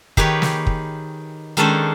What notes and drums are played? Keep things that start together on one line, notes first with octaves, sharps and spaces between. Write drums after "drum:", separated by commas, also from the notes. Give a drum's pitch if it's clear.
D#3 G4 G#4 B4 C#5, drum: kick
drum: snare
drum: kick
D#3 G#3 C#4 D4 A4 C5